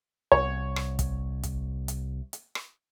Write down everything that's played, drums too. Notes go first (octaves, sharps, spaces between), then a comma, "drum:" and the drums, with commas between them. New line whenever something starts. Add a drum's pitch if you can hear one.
C2 C#5
drum: rim click
drum: kick, hi-hat
drum: kick, hi-hat
drum: hi-hat
drum: hi-hat
drum: rim click